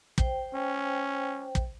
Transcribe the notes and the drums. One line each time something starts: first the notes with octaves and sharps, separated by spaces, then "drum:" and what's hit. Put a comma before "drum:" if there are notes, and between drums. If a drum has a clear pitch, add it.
C5 G5, drum: kick
C#4
drum: kick